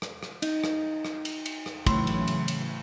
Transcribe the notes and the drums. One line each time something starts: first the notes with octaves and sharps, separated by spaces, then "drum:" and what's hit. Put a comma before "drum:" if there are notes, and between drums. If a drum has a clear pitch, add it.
drum: rim click
drum: rim click
D#4, drum: cymbal
drum: rim click
drum: rim click
drum: cymbal
drum: cymbal
drum: rim click
A2 C#3 E3 F#3 C6, drum: kick, cymbal
drum: cymbal
drum: cymbal
drum: cymbal